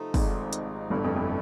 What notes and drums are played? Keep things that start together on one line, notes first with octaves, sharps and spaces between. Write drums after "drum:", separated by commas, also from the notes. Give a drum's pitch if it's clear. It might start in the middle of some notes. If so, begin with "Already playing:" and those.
Already playing: C3 F3 A3 C4 D#4
G#1 G#2, drum: kick, open hi-hat
drum: hi-hat
G1 G2 C3 E3 A3
F2
F2